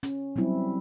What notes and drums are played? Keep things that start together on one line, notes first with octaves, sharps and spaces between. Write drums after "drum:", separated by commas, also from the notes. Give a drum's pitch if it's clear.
C#4, drum: hi-hat
F#3 G3 C4 E4